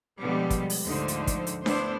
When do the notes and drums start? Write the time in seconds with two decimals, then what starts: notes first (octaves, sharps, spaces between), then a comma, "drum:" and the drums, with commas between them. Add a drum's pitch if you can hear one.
0.19 B2 D3 F3 G3 G#3 B3
0.50 drum: kick, hi-hat
0.70 drum: open hi-hat
0.85 D2 G#2 D3 F3 D#4 C5
1.08 drum: hi-hat
1.27 drum: kick, hi-hat
1.47 drum: hi-hat
1.66 A3 B3 D4 E4 C5, drum: snare D4